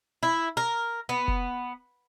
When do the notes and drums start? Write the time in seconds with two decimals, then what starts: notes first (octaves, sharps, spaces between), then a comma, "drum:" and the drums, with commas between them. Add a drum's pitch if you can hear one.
0.23 E4
0.57 A#4
1.09 B3
1.28 drum: kick F1